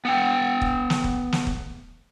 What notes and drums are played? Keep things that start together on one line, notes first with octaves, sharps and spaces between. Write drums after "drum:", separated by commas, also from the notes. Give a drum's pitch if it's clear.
B3 F#5 G5
drum: kick
drum: snare
drum: kick
drum: snare
drum: kick